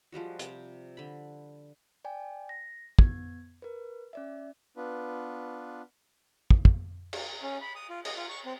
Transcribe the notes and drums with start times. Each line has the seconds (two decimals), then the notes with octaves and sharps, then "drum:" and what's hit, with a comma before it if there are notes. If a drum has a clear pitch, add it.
0.12 F3 G3 G#3 F#4
0.39 C3 G5, drum: hi-hat
0.97 D3 B5
2.05 D5 G5 G#5
2.49 A#6
2.99 B3 G#6, drum: kick
3.62 A#4 B4
4.13 C#4 D5 E5
4.76 B3 D4 F4 B4
6.50 drum: kick
6.65 drum: kick
7.13 drum: cymbal
7.43 C#4
7.62 B5
7.75 D#6
7.90 F4
8.05 D#5, drum: cymbal
8.16 F4
8.30 C#6
8.45 C4